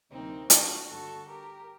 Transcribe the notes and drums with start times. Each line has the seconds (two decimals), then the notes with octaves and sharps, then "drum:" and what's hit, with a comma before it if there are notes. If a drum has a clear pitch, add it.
0.11 D2 C3 F#3 A#3 C4 D#4
0.50 D4 F#4, drum: hi-hat
0.89 G2 D3 A3 F#4 A4
1.28 G4 A#4